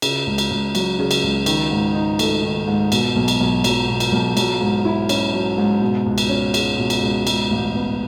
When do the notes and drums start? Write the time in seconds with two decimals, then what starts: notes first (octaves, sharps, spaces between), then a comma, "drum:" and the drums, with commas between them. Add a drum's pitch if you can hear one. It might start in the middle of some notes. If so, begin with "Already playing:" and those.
0.02 C#3, drum: cymbal
0.27 C#2
0.38 drum: cymbal
0.50 C#2
0.75 F#3, drum: cymbal
0.99 C#3
1.11 drum: cymbal
1.23 C#2
1.46 D#3, drum: cymbal
1.71 G#2
1.95 D#4
2.19 A3, drum: cymbal
2.43 D#3
2.67 G#2
2.92 B2, drum: cymbal
3.16 B1
3.28 drum: cymbal
3.40 B1
3.64 F#3, drum: cymbal
3.88 B2
4.00 drum: cymbal
4.13 B1
4.37 F#3, drum: cymbal
4.61 G#2
4.85 E4
5.09 C#4, drum: cymbal
5.33 F#3
5.58 G#2
5.82 B2
6.06 C#2
6.18 drum: cymbal
6.29 C#4
6.54 G#3, drum: cymbal
6.78 B2
6.90 drum: cymbal
7.02 C#2
7.27 G#2, drum: cymbal
7.51 A1
7.74 B3